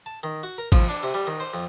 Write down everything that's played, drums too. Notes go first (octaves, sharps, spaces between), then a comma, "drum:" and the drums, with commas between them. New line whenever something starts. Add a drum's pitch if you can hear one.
A5
D#3
F#4
A#4
F3, drum: kick, cymbal
D4
C3
G3
D#3
C5
F2